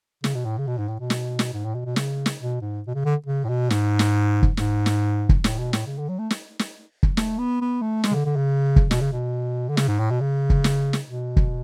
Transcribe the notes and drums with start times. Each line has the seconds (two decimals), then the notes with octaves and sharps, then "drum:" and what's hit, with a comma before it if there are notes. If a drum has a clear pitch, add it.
0.24 C#3, drum: snare
0.35 B2
0.45 A2
0.58 C#3
0.67 B2
0.78 G#2
0.88 A2
1.00 B2
1.10 drum: snare
1.39 drum: snare
1.53 G#2
1.65 A2
1.75 B2
1.85 B2
1.96 C#3, drum: snare
2.26 drum: snare
2.41 B2
2.61 G#2
2.87 B2
2.95 C#3
3.05 D3
3.26 C#3
3.44 A2
3.49 B2
3.70 G#2, drum: snare
3.99 drum: snare
4.43 drum: kick
4.57 G#2, drum: snare
4.86 drum: snare
5.29 drum: kick
5.44 A2, drum: snare
5.59 B2
5.73 A2, drum: snare
5.87 C#3
5.98 D3
6.09 F#3
6.19 A3
6.30 drum: snare
6.59 drum: snare
7.03 drum: kick
7.17 A3, drum: snare
7.39 B3
7.61 B3
7.82 A3
8.04 G#3, drum: snare
8.11 C#3
8.14 D3
8.26 D3
8.36 C#3
8.76 drum: kick
8.91 B2, drum: snare
9.01 C#3
9.12 B2
9.69 D3
9.77 C#3, drum: snare
9.88 G#2
9.99 A2
10.11 B2
10.21 C#3
10.50 drum: kick
10.64 drum: snare
10.93 drum: snare
11.08 B2
11.36 drum: kick